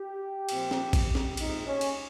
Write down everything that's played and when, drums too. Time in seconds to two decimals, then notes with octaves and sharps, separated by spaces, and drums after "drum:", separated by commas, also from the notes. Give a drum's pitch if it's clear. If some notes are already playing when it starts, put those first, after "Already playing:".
Already playing: G4
0.49 A#2 F3 C4, drum: cymbal
0.71 drum: snare
0.93 drum: kick, cymbal
1.15 drum: snare
1.37 A#2 G#3 C4 D#4, drum: cymbal
1.66 C#4
1.81 drum: cymbal